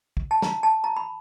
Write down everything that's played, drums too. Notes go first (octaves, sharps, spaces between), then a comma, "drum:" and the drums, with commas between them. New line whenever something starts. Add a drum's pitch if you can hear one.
drum: kick
A5
A#5, drum: snare
A5
A#5
B5